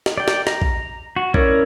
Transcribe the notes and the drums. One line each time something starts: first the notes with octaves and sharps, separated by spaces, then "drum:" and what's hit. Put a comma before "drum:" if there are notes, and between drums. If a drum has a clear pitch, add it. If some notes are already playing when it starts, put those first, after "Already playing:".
drum: snare
D5 G5
drum: snare
A#5, drum: snare
drum: kick A#1
F#4
C#4 E4 A#4 C#5 D5, drum: kick A#1